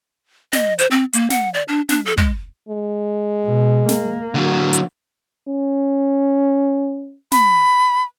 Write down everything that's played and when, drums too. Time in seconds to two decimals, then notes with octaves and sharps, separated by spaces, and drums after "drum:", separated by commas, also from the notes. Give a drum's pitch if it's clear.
0.53 D#5, drum: snare
0.79 C5, drum: hi-hat
0.91 C4
1.13 A#3, drum: hi-hat
1.30 F#5, drum: snare
1.54 D5
1.68 D4
1.89 D4, drum: snare
2.06 A4
2.17 G#3, drum: kick
2.69 G#3
3.44 B2
3.89 A#3, drum: snare
4.35 D3 F#3
4.73 drum: hi-hat
5.48 C#4
7.32 B5, drum: snare